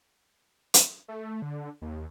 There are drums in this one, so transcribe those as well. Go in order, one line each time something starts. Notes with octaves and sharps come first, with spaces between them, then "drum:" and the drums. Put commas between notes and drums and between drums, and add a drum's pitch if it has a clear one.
drum: hi-hat
A3
D3
D#2